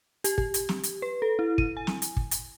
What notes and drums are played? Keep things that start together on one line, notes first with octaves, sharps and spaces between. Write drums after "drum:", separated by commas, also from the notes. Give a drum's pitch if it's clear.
G4, drum: hi-hat
G4, drum: kick
drum: hi-hat
drum: snare
drum: hi-hat
B4
A4
E4
D#7, drum: kick
G#5
drum: snare
drum: hi-hat
drum: kick
drum: hi-hat